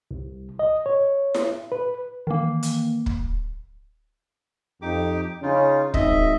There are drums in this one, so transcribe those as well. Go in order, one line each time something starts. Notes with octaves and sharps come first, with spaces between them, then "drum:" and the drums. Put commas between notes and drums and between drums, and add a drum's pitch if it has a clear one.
C2
D#5
C#5
drum: snare E4
B4
D#3 E3 A#3
drum: hi-hat
drum: kick
F2 D#4 G4 D6
C#3 C#4 D#4 F4
G#1 D#5 E5, drum: kick